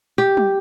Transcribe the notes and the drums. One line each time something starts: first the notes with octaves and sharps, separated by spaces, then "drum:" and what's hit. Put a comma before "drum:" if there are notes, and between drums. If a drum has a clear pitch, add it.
G4
drum: tom